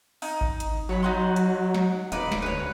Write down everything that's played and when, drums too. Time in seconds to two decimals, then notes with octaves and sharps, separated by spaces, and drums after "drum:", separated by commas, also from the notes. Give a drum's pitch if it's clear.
0.22 D#4, drum: open hi-hat
0.41 drum: kick G#1
0.60 drum: hi-hat
0.89 F#3 C#5 B5
1.02 D#4 F#4 C6
1.36 drum: hi-hat
1.74 drum: snare
2.12 D#1 D#4 B4 D5, drum: hi-hat
2.32 drum: snare
2.42 D2 B4 C#5